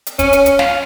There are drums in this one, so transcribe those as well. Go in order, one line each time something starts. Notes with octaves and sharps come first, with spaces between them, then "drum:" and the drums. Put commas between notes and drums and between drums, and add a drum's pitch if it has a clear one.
drum: hi-hat
C#4, drum: kick, hi-hat
drum: hi-hat
drum: hi-hat
F5, drum: snare